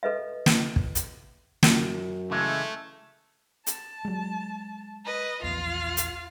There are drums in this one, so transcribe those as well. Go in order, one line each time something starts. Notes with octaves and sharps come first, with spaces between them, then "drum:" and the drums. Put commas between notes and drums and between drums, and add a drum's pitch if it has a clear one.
A4 B4 D#5 E5
drum: snare
drum: kick
drum: hi-hat
F#2, drum: snare
C#3 E3 G#3 A3
A5, drum: hi-hat
F#3 G#3
B4 D#5
A#1 E2 F4 F5
drum: hi-hat